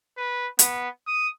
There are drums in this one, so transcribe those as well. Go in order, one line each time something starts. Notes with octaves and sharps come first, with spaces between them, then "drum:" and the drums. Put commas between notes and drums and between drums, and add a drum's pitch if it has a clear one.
B4
B3, drum: hi-hat
D#6